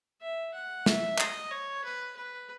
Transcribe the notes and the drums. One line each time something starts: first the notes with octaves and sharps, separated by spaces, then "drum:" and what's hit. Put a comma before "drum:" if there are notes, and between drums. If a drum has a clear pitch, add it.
E5
F#5
E5, drum: snare
D#5, drum: clap
C#5
B4
B4